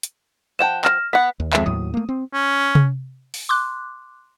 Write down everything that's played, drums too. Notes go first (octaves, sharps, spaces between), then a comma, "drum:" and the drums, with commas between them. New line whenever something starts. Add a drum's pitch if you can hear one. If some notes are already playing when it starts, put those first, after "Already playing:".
drum: hi-hat
F3 F#5 G5 A5 E7
F6 A#6 E7, drum: clap
B3 F#5 B6
D#2
F2 G#3 E5, drum: clap
D#2 A2 F#3 D#6
A3 A#3
C4
C#4
drum: tom C3
drum: open hi-hat
C6 D6 F#6